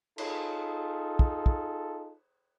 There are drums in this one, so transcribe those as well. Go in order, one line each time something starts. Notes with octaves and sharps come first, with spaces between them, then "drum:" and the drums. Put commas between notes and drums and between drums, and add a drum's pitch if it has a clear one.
D#4 F4 G#4 A4, drum: cymbal
drum: kick
drum: kick